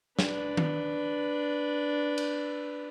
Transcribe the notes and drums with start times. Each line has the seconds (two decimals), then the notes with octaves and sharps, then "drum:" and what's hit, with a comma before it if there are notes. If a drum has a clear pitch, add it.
0.19 D4 B4, drum: snare
0.57 drum: tom D#3
2.18 drum: cymbal